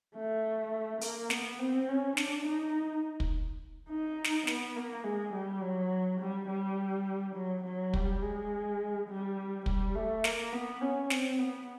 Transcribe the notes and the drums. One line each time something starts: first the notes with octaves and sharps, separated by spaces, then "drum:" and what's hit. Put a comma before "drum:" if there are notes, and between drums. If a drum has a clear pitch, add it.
A3
A#3, drum: hi-hat
B3, drum: snare
C4
C#4
D4, drum: snare
D#4
drum: kick
D#4
drum: snare
B3, drum: snare
A#3
G#3
G3
F#3
G3
G3
F#3
F#3
G3, drum: kick
G#3
G3
G3, drum: kick
A3
A#3, drum: snare
B3
C#4
C4, drum: snare
B3